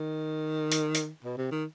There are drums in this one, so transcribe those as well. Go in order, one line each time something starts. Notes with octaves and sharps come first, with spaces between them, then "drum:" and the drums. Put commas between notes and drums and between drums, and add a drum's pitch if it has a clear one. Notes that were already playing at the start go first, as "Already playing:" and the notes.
Already playing: D#3
drum: hi-hat
drum: hi-hat
B2
C3
D#3